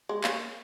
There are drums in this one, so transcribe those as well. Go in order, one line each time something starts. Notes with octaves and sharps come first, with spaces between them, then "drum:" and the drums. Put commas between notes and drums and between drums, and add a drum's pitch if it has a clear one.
G#3
A#3 C#4, drum: clap